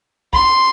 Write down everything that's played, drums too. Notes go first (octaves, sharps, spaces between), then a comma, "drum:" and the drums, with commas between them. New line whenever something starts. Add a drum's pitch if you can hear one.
C6, drum: kick